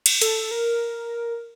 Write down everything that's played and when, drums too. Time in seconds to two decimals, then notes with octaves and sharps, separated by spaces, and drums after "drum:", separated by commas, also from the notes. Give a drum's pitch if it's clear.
0.06 drum: cymbal
0.21 A4, drum: hi-hat
0.51 A#4